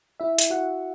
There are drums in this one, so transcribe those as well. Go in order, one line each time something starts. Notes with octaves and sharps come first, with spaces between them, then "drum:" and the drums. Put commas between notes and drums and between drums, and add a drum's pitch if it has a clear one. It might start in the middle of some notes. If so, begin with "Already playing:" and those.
E4 E5
drum: hi-hat
F#4 F#5